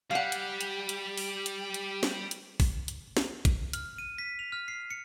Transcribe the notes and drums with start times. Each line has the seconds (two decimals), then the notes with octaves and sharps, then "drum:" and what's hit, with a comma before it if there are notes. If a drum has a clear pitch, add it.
0.11 G3 G4 F5 F#5
0.32 drum: hi-hat
0.61 drum: hi-hat
0.89 drum: hi-hat
1.17 drum: open hi-hat
1.46 drum: hi-hat
1.74 drum: hi-hat
2.03 drum: snare
2.31 drum: hi-hat
2.60 drum: kick, open hi-hat
2.88 drum: hi-hat
3.17 drum: snare
3.45 drum: kick, hi-hat
3.73 F6, drum: hi-hat
3.99 D#7
4.18 B6
4.39 F7
4.52 F6
4.68 C7
4.91 C#7